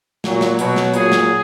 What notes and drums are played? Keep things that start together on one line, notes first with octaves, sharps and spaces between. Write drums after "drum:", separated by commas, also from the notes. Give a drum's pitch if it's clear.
A#2 F#3, drum: snare
drum: snare
B2 F#3, drum: hi-hat
drum: snare
A#2 F#3 G#4, drum: hi-hat
drum: snare